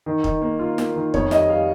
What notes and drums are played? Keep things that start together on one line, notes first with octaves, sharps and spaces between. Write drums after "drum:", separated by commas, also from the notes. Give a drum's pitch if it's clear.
D#3
D#3, drum: kick
A#3
F4
A#3, drum: snare
D#3
F2 C#5, drum: kick
G3 D#5, drum: snare
G3 F5